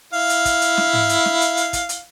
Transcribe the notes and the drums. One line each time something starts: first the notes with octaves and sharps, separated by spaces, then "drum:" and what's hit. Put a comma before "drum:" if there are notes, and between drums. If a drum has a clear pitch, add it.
E4 F5
drum: hi-hat
drum: kick, hi-hat
drum: hi-hat
drum: snare
drum: tom G#2
drum: hi-hat
drum: snare
drum: hi-hat
drum: hi-hat
drum: kick, hi-hat
drum: hi-hat